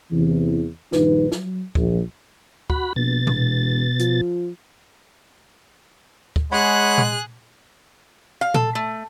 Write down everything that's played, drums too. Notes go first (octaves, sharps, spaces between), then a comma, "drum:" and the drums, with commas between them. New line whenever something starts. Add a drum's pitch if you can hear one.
E2 C3 E3
A#1 G2 D#3 D#4 B4, drum: snare
F#3, drum: snare
A#1, drum: kick D2
F#4 B5, drum: kick D2
A#1 B2 A6
E1, drum: tom A#2
F3, drum: hi-hat
drum: kick D2
G#3 G#4 C#5 F#5 B5 F#6
drum: tom A#2
F5
A4, drum: tom A#2
A3